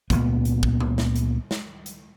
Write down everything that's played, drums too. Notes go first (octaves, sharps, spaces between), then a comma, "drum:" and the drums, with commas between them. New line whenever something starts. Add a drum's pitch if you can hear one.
C#2 G2 A#2 B3, drum: kick, hi-hat
drum: hi-hat
drum: kick
drum: tom A#2
drum: snare
drum: hi-hat
drum: snare
drum: hi-hat